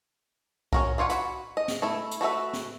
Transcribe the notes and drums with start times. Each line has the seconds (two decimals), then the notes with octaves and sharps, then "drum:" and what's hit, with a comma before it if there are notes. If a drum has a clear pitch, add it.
0.73 C#4 F#4 A#4, drum: kick B1
0.98 G3 F4 C#5 F#5
1.10 F#4 B5, drum: hi-hat
1.57 D#5
1.68 drum: snare
1.82 A3 E4
2.11 drum: hi-hat
2.21 A3 F#4 B4 E5
2.53 drum: snare